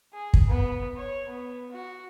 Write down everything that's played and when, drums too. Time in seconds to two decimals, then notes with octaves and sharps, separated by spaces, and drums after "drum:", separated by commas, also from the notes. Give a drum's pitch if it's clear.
0.13 G#4
0.34 drum: kick
0.48 B3
0.97 C#5
1.29 B3
1.72 F#4